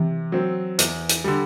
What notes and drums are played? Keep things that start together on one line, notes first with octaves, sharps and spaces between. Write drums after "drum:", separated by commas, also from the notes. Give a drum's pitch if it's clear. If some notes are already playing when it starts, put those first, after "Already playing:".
Already playing: C3 E3
F#3 C4
E2, drum: hi-hat
drum: hi-hat
D3 G3